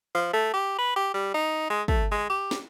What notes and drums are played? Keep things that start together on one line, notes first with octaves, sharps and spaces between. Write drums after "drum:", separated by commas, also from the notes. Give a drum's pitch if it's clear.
F3
A3
G4
B4
G4
G3
D#4
G#3
A3, drum: kick
G#3
G4
drum: snare